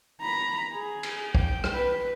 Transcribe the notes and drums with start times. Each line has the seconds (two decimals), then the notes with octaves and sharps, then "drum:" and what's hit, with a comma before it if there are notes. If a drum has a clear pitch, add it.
0.21 A#5 B5
0.73 G#4
1.03 drum: cymbal
1.35 G5, drum: kick
1.64 drum: rim click
1.75 B4